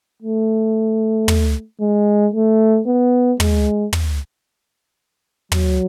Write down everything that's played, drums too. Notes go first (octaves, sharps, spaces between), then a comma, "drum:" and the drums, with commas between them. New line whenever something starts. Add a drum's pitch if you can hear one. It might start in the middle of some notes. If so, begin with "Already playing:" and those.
A3
drum: tom
G#3
A3
B3
G#3, drum: tom
drum: tom
F#3, drum: tom